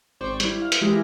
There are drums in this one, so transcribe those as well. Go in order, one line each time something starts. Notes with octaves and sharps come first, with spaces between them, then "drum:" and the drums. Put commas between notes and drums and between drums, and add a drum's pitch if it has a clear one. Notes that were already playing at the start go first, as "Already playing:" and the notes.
G#1 C5 D5 G5 C#6
G3 E4, drum: hi-hat
F5
drum: hi-hat
E3 G#3 E4 G4 G#4 A#4